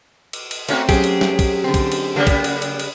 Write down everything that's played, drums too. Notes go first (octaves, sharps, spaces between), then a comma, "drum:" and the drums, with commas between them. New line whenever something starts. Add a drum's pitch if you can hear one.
drum: cymbal
drum: cymbal
A3 A#3 C4 C#4 F#4, drum: cymbal
F#3 C#4 G4 G#4, drum: kick, cymbal
drum: cymbal
drum: snare
drum: kick, cymbal
D3 C4
drum: kick, cymbal
drum: cymbal
C#3 G3 A#3 B3
drum: kick, cymbal
drum: cymbal
drum: cymbal
drum: cymbal